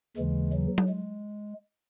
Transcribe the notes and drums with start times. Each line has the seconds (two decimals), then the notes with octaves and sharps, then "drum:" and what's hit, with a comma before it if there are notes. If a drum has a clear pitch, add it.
0.17 D#2 C#3 E3 G#3
0.53 F#3
0.78 drum: tom F#3
0.89 G#3